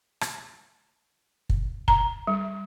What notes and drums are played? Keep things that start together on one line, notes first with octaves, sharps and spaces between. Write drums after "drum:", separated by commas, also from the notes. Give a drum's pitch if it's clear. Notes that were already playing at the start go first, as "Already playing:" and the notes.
drum: rim click
drum: kick
A#5, drum: kick
G3